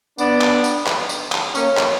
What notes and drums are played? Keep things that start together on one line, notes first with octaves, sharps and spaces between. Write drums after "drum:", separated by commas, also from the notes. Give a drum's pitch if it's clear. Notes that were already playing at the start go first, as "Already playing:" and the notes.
B3 D4, drum: tambourine
drum: clap
drum: tambourine
drum: clap
drum: tambourine
drum: clap
A#3 C#4, drum: tambourine
drum: clap